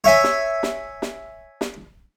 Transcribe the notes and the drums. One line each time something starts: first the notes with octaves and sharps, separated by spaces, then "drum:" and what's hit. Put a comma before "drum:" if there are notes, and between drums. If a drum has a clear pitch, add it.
C#5 E5 G#5
drum: snare
drum: snare
drum: snare
drum: snare